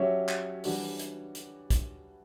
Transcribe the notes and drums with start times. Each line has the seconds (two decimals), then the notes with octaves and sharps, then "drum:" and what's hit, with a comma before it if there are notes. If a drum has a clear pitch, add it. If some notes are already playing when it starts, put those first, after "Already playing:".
Already playing: F#3 C#4 G4 C#5 E5
0.28 drum: clap
0.64 E3 G3 D4 F#4, drum: open hi-hat
0.99 drum: hi-hat
1.35 drum: hi-hat
1.70 drum: kick, hi-hat